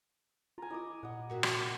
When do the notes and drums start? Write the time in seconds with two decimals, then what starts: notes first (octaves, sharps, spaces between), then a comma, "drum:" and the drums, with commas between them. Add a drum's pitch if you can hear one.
0.58 F4 G#5 A#5
0.70 E4 D#5 D6 D#6
1.03 A#2 D#5 F#5
1.30 C3 A#3 F#4
1.43 drum: rim click